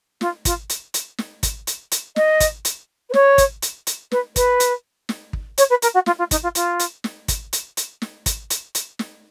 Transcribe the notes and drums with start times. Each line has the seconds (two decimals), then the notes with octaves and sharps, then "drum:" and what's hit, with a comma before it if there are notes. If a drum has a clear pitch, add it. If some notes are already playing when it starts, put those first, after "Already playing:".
0.21 F4, drum: snare
0.45 F4, drum: kick, hi-hat
0.70 drum: hi-hat
0.94 drum: hi-hat
1.18 drum: snare
1.43 drum: kick, hi-hat
1.67 drum: hi-hat
1.92 drum: hi-hat
2.16 D#5, drum: snare
2.40 drum: kick, hi-hat
2.65 drum: hi-hat
3.09 B4
3.14 C#5, drum: snare
3.38 drum: kick, hi-hat
3.62 drum: hi-hat
3.87 drum: hi-hat
4.12 B4, drum: snare
4.36 B4, drum: kick, hi-hat
4.60 drum: hi-hat
5.09 drum: snare
5.33 drum: kick
5.58 C#5, drum: hi-hat
5.70 B4
5.82 A#4, drum: hi-hat
5.94 F#4
6.06 F4, drum: snare
6.18 F4
6.31 D#4, drum: kick, hi-hat
6.43 F4
6.55 F4, drum: hi-hat
6.80 drum: hi-hat
7.04 drum: snare
7.28 drum: kick, hi-hat
7.53 drum: hi-hat
7.77 drum: hi-hat
8.02 drum: snare
8.26 drum: kick, hi-hat
8.50 drum: hi-hat
8.75 drum: hi-hat
8.99 drum: snare